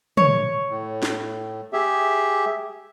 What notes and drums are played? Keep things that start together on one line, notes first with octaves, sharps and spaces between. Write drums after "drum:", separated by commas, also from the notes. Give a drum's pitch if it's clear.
C#5, drum: tom
A2
drum: snare
G4 G#4 E5